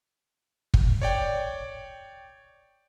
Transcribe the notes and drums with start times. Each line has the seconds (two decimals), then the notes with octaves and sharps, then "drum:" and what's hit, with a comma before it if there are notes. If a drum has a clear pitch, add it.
0.74 drum: kick
1.02 C#5 D5 G5